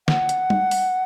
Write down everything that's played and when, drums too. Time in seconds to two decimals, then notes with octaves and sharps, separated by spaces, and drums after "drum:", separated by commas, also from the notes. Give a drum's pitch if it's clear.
0.08 F#5, drum: snare
0.29 drum: hi-hat
0.50 drum: tom G3
0.71 drum: open hi-hat